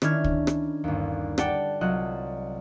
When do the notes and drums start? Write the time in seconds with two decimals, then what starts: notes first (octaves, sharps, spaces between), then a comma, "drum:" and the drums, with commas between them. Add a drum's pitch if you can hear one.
0.02 D#3 C#4 D4 E4 F6 G#6, drum: rim click
0.24 drum: kick
0.47 drum: rim click
0.84 G1 D#2
1.38 G4 D5 F#5 G5 A5, drum: rim click
1.81 C2 F#3 F4 D#5 F#6